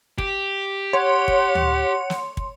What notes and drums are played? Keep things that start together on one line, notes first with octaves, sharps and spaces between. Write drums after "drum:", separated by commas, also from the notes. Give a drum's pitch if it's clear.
G4, drum: kick
C#5 F#5 C6
drum: kick
drum: tom D2
drum: snare
drum: kick